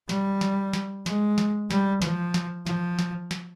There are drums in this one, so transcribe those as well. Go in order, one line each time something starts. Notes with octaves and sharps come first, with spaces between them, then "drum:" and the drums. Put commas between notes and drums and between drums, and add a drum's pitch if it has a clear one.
G3, drum: snare
drum: snare
drum: snare
G#3, drum: snare
drum: snare
G3, drum: snare
F3, drum: snare
drum: snare
F3, drum: snare
drum: snare
drum: snare